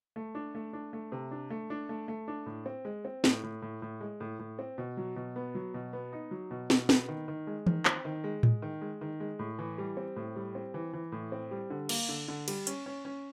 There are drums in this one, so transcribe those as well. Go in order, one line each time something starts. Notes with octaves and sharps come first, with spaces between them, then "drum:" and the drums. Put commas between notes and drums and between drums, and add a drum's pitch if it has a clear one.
A3
D4
A3
D4
A3
C3
D4
A3
D4
A3
A3
D4
A2
C4
G#3
C4
A2, drum: snare
A2
A2
A2
G#3
A2
A2
C4
B2
F#3
B2
B3
F#3
B2
B3
D#4
F#3
B2
B2, drum: snare
B3, drum: snare
D#3
D#3
G#3
D#3, drum: tom E3
C4, drum: clap
D#3
G#3
G#3, drum: tom A2
D#3
G#3
D#3
G#3
A2
E3
G3
C4
A2
G3
C4
E3
E3
A2
C4
G3
D3
A#3, drum: cymbal
D3
D3
G3, drum: cymbal
C#4, drum: hi-hat
C#4
C#4